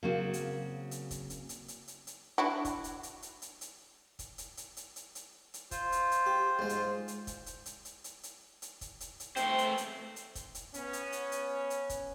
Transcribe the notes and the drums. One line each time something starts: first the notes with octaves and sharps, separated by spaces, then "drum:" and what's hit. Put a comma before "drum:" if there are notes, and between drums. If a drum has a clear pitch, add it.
C#3 F#3 A#3 C4 F#4
drum: hi-hat
drum: hi-hat
drum: kick, hi-hat
drum: hi-hat
drum: hi-hat
drum: hi-hat
drum: hi-hat
drum: hi-hat
D4 E4 F#4
drum: kick, hi-hat
drum: hi-hat
drum: hi-hat
drum: hi-hat
drum: hi-hat
drum: hi-hat
drum: kick, hi-hat
drum: hi-hat
drum: hi-hat
drum: hi-hat
drum: hi-hat
drum: hi-hat
drum: hi-hat
F4 C5, drum: kick, hi-hat
drum: hi-hat
drum: hi-hat
G4
G#2 G#3
drum: hi-hat
drum: hi-hat
drum: kick, hi-hat
drum: hi-hat
drum: hi-hat
drum: hi-hat
drum: hi-hat
drum: hi-hat
drum: hi-hat
drum: kick, hi-hat
drum: hi-hat
drum: hi-hat
A3 C4 C5, drum: hi-hat
drum: hi-hat
drum: hi-hat
drum: hi-hat
drum: kick, hi-hat
drum: hi-hat
B3 C#4, drum: hi-hat
drum: hi-hat
drum: hi-hat
drum: hi-hat
drum: hi-hat
drum: kick, hi-hat